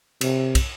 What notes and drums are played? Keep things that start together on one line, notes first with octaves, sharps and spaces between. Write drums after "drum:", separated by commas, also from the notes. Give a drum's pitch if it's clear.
C3, drum: cymbal
drum: kick, cymbal